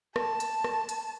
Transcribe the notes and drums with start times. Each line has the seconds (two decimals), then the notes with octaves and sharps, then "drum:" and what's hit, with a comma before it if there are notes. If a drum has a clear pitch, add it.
0.16 A5, drum: rim click
0.40 drum: hi-hat
0.64 drum: rim click
0.89 drum: hi-hat